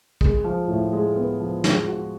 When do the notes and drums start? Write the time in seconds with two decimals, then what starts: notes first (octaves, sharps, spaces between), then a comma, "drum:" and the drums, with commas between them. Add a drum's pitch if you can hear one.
0.21 G#3, drum: kick
0.44 F3
0.68 A2
0.93 G#3
1.16 B3
1.40 F3
1.64 G#3, drum: snare
1.88 F#4